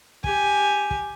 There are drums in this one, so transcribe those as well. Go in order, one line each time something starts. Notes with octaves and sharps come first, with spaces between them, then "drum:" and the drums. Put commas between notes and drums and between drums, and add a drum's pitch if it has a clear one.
G4 G#5, drum: kick
drum: kick